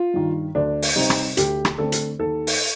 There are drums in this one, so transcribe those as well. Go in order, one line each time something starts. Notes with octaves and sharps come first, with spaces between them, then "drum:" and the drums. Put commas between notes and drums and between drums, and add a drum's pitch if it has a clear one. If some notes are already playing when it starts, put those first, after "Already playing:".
Already playing: F4
G2 D#3
D2 D4
drum: open hi-hat
C3 G3 C4 D#4
drum: rim click
D2 G4, drum: hi-hat
drum: rim click
D3 A3 C4 A4
drum: hi-hat
D#2 A4
drum: open hi-hat